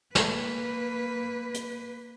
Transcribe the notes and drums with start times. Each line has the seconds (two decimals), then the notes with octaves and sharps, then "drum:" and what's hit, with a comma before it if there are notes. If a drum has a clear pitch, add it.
0.15 A#3 B4, drum: snare
1.54 drum: hi-hat